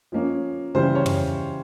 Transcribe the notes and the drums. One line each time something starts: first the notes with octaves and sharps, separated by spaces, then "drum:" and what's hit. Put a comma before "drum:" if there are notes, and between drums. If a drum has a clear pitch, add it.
F3 A#3 C#4
C#3 E3 G3 C5
C#5
drum: tom